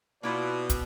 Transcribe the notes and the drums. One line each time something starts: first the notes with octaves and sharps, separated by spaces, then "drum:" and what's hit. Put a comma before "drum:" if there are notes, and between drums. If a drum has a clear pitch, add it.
B2 A#3 E4 F4 D5
drum: kick, hi-hat